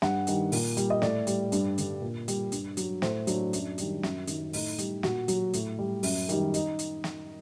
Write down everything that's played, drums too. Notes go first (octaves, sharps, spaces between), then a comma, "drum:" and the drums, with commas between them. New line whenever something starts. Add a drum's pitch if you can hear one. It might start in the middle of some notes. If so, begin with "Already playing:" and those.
G2 F#5, drum: snare
D#3 G3, drum: hi-hat
A#2, drum: open hi-hat
G3, drum: hi-hat
D#5
A2 D5, drum: snare
G3, drum: hi-hat
G2, drum: hi-hat
D3 G3, drum: hi-hat
A#2
G3, drum: hi-hat
G2, drum: hi-hat
F#3, drum: hi-hat
A2 C5, drum: snare
F#3 D4, drum: hi-hat
F#2, drum: hi-hat
D#3 G3, drum: hi-hat
F#2, drum: snare
D#3 F#3, drum: hi-hat
A2 D#4, drum: open hi-hat
G3, drum: hi-hat
A#2 F#4, drum: snare
F#3, drum: hi-hat
A2, drum: hi-hat
G3
F#2, drum: open hi-hat
D#3 G3, drum: hi-hat
D#4, drum: hi-hat
drum: hi-hat
drum: snare